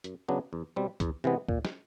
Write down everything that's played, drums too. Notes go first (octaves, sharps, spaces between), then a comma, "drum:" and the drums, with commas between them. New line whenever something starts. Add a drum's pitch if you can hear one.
F#2, drum: hi-hat
C#3 F#3 B3 D4
E2
B2 G3 C4
E2, drum: kick, hi-hat
C3 E3 G#3 B3
A#2, drum: kick
drum: snare